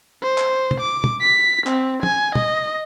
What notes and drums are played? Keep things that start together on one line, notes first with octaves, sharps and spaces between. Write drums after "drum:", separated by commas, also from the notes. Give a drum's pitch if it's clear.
C5
drum: clap
drum: tom
D6
drum: tom
B6
C4, drum: clap
G#5, drum: tom
D#5, drum: tom